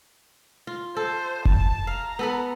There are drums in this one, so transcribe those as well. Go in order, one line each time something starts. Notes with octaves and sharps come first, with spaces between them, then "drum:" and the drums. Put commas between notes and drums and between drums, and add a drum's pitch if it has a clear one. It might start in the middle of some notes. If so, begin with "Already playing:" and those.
F4
A4 C5
A5, drum: kick F1
F5 A#5
B3 A4 B4